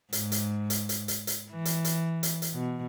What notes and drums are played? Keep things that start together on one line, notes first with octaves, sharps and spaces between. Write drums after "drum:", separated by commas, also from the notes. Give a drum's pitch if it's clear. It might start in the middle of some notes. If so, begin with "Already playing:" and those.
G#2, drum: hi-hat
drum: hi-hat
drum: hi-hat
drum: hi-hat
drum: hi-hat
drum: hi-hat
E3
drum: hi-hat
drum: hi-hat
drum: hi-hat
drum: hi-hat
B2